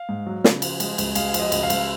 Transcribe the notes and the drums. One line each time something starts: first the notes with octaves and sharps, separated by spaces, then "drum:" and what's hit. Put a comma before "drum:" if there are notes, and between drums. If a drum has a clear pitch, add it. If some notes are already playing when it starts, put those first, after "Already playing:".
Already playing: F5
G#2
F#3
C#3, drum: snare
F3, drum: cymbal
G#3, drum: cymbal
C#2, drum: cymbal
G#3 F5, drum: cymbal
F3, drum: cymbal
D#5
C#2, drum: cymbal
F5
C#2, drum: cymbal